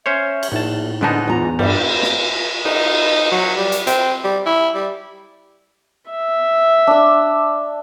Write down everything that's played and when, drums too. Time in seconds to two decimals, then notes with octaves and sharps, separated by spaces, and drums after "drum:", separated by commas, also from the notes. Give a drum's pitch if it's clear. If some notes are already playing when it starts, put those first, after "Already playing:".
0.06 C#4 C5 C#5 E5
0.43 drum: cymbal
0.52 A#1 A2 D#4 A5
1.01 G#2 D3 B3 D4 D#4 A5
1.28 E2 F4 A#5
1.59 G2 G3 D4, drum: cymbal
2.03 drum: snare
2.65 D#4, drum: cymbal
3.32 F#3
3.57 G3
3.72 drum: hi-hat
3.87 C4, drum: hi-hat
4.24 G3
4.46 E4
4.75 G3
6.11 E5
6.87 D4 E6